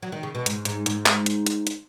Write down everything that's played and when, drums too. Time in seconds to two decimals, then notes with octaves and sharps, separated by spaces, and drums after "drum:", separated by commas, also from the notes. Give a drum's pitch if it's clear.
0.02 F#3
0.12 D#3
0.23 C#3
0.35 B2
0.46 G#2, drum: hi-hat
0.65 G#2, drum: hi-hat
0.86 G#2, drum: hi-hat
1.06 drum: clap
1.26 drum: hi-hat
1.46 drum: hi-hat
1.67 drum: hi-hat